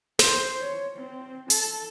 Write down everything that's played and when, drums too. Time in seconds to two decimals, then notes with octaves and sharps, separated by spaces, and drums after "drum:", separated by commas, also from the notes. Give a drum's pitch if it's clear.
0.19 C5, drum: snare
0.61 C#5
0.95 C4
1.50 A4, drum: hi-hat